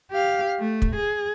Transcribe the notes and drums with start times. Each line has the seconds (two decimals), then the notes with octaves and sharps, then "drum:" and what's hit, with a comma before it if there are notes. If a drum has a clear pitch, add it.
0.11 G4 F5
0.59 A3
0.82 drum: kick
0.96 G#4